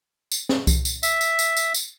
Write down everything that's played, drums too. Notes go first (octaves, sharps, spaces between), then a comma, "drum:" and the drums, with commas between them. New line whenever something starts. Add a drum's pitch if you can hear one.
drum: tambourine
drum: snare
drum: kick C2, tambourine
drum: tambourine
E5, drum: tambourine
drum: tambourine
drum: tambourine
drum: tambourine
drum: tambourine